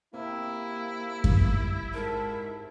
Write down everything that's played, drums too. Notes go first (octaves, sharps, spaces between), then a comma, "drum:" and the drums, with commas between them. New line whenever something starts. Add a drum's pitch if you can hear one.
C3 A#3 E4
drum: kick F#2
G#2 A#4 A5